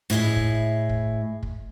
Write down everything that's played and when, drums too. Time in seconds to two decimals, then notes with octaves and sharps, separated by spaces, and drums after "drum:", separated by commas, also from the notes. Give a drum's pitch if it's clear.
0.10 A2 E4 G#4 D#5
0.36 drum: kick
0.89 drum: kick
1.43 drum: kick